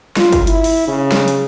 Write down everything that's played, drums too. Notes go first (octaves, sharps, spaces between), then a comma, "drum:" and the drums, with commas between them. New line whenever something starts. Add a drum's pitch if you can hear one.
F4, drum: snare
drum: kick, hi-hat
E4, drum: hi-hat
drum: open hi-hat
C#3
drum: snare
drum: hi-hat